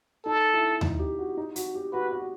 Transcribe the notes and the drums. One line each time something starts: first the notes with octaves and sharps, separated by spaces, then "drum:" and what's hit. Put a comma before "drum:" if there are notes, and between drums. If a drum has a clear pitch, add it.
D#4 A4
E4
D#4, drum: tom D#2
G4
F#4
D#4
F#4, drum: hi-hat
G4
F#4 B4
F#4